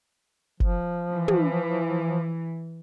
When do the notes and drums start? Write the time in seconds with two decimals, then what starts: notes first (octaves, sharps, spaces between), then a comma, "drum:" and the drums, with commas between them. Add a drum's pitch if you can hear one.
0.60 F3, drum: kick F#1
1.13 E3
1.28 drum: tom